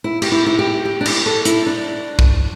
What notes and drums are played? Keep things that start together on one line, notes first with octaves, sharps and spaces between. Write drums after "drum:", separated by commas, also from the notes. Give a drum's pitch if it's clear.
E4
G4, drum: cymbal
E4
E4
G4
G4
D4
E4, drum: cymbal
A4
E4, drum: hi-hat
D4
drum: kick